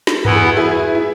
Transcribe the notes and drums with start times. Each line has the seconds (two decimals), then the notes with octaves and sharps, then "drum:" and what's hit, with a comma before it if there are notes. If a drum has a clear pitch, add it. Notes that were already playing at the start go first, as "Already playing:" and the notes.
0.07 drum: snare
0.25 E2 E3 B3 E4 B4, drum: tom G2
0.36 G#4
0.46 F#4
0.57 E4 G#4
0.95 E4